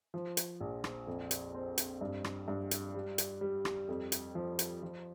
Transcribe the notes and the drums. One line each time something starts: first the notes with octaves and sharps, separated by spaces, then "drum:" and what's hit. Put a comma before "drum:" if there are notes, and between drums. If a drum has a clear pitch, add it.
F3
drum: hi-hat
A#1
drum: rim click
F2
drum: hi-hat
C4
drum: hi-hat
G2
drum: rim click
G2
drum: hi-hat
G3
drum: hi-hat
G3
drum: rim click
F2
drum: hi-hat
F3
drum: hi-hat
F3